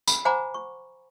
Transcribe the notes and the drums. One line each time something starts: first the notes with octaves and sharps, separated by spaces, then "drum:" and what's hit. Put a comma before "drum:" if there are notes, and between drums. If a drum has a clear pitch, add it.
B5, drum: tambourine
C5 F#5 G#5 A#5 B5 D6
C#6